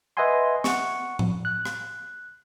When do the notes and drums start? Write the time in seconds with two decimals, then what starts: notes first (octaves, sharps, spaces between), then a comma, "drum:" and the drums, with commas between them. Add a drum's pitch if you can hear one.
0.17 B4 D#5 E5 F#5 G#5 C6
0.64 F#5 C#6, drum: snare
1.19 drum: tom A2
1.45 F#6
1.65 drum: rim click